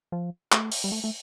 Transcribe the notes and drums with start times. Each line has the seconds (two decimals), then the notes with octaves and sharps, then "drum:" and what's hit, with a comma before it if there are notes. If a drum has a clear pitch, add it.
0.12 F3
0.52 A3, drum: clap
0.72 drum: open hi-hat
0.84 G3
0.92 A3
1.04 A3